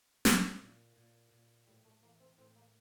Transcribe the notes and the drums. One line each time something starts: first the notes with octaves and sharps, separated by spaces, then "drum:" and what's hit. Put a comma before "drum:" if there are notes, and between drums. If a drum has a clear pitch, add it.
A#2 E4, drum: snare
A#2
A#2
A#2
A2 G3
A3
E3 A#3
C4
A2 C4
A#3